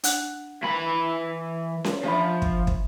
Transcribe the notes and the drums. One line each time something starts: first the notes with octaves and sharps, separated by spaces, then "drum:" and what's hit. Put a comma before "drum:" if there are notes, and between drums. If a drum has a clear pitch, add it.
D4 F#5 F#6, drum: hi-hat
E3 B5
drum: snare C#4
F3 D4 E5 B5
drum: kick
drum: kick